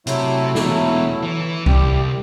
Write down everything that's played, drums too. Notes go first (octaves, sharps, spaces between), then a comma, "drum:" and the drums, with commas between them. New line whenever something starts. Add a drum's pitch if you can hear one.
C3 F#3 A3 E4, drum: hi-hat
E2 B2, drum: snare
E3
E3
C2 G3 G4, drum: kick C2